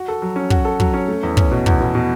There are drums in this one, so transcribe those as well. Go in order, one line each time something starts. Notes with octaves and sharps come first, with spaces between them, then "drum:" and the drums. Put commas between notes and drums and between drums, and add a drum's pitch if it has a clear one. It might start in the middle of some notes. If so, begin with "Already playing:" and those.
Already playing: F#4
A4
F#3
C#4
F#4, drum: kick
A4
F#3, drum: kick
C#4
A3
E2
C#4, drum: kick
B2
E2, drum: kick
B2
B2